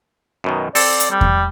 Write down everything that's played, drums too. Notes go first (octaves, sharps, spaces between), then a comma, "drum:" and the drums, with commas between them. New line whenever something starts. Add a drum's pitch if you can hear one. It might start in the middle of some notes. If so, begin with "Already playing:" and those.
F#2 B2 D#3
C4 A4 D5, drum: open hi-hat
drum: hi-hat
G3
drum: kick E2